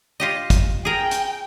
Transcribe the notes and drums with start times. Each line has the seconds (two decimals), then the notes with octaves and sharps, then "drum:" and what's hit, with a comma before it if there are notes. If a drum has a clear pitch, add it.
0.20 F4 G4 D#5
0.50 drum: kick, hi-hat
0.85 G#4 A#4 G5
1.11 drum: hi-hat